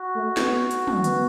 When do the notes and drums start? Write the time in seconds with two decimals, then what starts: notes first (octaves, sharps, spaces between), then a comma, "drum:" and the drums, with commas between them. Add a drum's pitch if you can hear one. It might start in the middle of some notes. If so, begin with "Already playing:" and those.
Already playing: F#4
0.15 A3
0.37 B3, drum: snare
0.71 drum: hi-hat
0.87 drum: tom
1.04 B3, drum: hi-hat